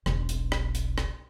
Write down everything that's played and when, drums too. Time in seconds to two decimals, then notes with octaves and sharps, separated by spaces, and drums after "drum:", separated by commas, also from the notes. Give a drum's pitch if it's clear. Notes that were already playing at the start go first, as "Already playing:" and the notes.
0.06 E1 B1, drum: rim click
0.29 drum: hi-hat
0.52 drum: rim click
0.75 drum: hi-hat
0.98 drum: rim click